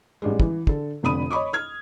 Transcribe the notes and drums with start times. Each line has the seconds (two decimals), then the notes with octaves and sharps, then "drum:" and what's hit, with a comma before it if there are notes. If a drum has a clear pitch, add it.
0.22 A1 G3 G#3
0.40 E3, drum: kick
0.67 D3 A4, drum: kick
1.03 F1 F2 D3 B5 D#6 D#7
1.31 C#5 D#5 B5 C#6 D6
1.53 F6 G#6